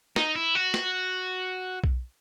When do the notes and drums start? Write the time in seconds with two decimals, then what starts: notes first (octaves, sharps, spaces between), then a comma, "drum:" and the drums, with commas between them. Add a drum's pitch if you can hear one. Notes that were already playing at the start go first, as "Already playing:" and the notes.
0.16 D#4, drum: snare
0.35 E4
0.55 F#4
0.74 drum: snare
1.84 drum: kick B1